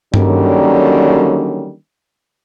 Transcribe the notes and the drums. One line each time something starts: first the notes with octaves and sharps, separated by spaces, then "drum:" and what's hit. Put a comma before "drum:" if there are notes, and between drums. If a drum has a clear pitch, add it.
D3 D#3 F#3 G3 A#3 C#4, drum: tom G2